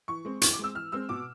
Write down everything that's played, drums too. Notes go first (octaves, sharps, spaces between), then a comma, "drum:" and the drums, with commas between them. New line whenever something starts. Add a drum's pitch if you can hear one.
E3 C#6
G#3 C4
E3 C#6, drum: hi-hat
D6
G#3 C4 E6
E3 F6
G#3 C4 E6
B2 D6